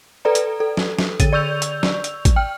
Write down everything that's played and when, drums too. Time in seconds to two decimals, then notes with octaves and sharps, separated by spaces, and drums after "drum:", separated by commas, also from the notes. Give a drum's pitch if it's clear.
0.25 A4 B4 D5 A#5
0.35 drum: hi-hat
0.60 A4
0.77 drum: snare
0.99 drum: snare
1.20 D3 A6 D#7, drum: kick, hi-hat
1.33 D5 C#6 E6 G6 F7
1.62 drum: hi-hat
1.83 drum: snare
2.04 drum: hi-hat
2.25 drum: kick, hi-hat
2.36 G5 F6